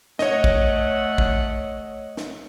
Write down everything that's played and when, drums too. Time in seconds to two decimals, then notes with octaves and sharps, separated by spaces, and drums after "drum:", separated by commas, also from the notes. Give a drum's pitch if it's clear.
0.19 A3 C#5 D#5 F#5, drum: snare
0.44 drum: kick
1.18 drum: kick
2.17 drum: snare